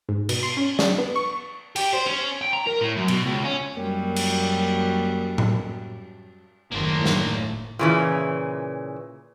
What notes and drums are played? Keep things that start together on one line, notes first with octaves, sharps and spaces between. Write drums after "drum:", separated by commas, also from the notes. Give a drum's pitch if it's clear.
G#2
B2, drum: cymbal
C6
C#4
D4, drum: snare
B3
C#6
G4, drum: cymbal
C5
C#4
G5
A#5
A#4
A2
F#2
B2, drum: cymbal
C#2
C#4
F#2 G3 A#3
drum: cymbal
drum: tom A2
F#1 D#2 A2 D#3 A#3 C5
drum: snare
A#2 C#3 E3